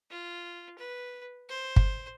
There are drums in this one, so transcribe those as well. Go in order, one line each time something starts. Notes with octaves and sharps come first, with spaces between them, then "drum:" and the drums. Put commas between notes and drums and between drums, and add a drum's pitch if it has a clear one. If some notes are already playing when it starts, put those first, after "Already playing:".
F4
B4
C5
drum: kick G1